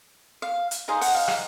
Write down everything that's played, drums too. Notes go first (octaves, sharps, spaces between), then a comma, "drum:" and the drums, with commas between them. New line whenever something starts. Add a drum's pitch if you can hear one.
F5
drum: hi-hat
D#4 G#4 C5 D#5 F5
F#5, drum: open hi-hat
F5
drum: rim click